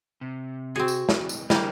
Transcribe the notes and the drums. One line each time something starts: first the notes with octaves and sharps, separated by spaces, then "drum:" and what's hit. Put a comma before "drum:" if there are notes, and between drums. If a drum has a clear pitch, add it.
C3
C4 F#4 G#4
drum: tambourine
drum: snare
drum: tambourine
D3 G3 A#3 E4 A#4 C5, drum: snare